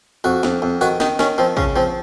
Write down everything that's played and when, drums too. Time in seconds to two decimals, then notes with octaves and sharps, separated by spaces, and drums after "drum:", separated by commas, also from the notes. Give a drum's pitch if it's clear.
0.24 F2 F#4
0.43 F2, drum: snare
0.62 F2
0.81 D#3 F#4, drum: tambourine
1.00 D#3 D#4, drum: snare
1.19 D#3 C#4, drum: snare
1.38 F3 C4
1.57 C#3 C#4, drum: kick
1.76 F3 C4